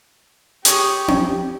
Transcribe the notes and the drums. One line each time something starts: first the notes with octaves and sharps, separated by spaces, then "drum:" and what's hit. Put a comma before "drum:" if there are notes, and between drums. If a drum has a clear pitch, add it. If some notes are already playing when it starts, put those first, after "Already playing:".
G4 G#4 C#5 D#6, drum: hi-hat
drum: tom C4